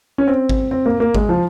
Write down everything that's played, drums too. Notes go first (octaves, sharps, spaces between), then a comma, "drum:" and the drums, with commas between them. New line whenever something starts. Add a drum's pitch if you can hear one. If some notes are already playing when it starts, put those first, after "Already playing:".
C#4
C4
drum: kick G#1
C4
A#3
A#3
G#3, drum: kick G#1
F3